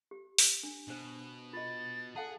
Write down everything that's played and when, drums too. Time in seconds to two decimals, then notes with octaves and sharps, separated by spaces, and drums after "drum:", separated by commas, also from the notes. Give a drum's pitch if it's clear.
0.11 G4
0.38 drum: open hi-hat
0.63 D4
0.88 B2 D4 C5
1.53 F4 D#5 A6
2.16 G#4 A4 F5 F#5 A5